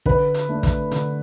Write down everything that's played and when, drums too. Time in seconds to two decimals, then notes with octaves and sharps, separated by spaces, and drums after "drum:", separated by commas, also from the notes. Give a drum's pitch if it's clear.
0.06 D3 B4, drum: kick
0.34 drum: hi-hat
0.49 A3 D4
0.63 drum: kick, hi-hat
0.91 D3, drum: hi-hat